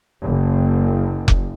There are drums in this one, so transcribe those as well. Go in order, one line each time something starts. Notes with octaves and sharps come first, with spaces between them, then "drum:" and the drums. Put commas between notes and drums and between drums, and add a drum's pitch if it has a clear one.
F#1
drum: kick F1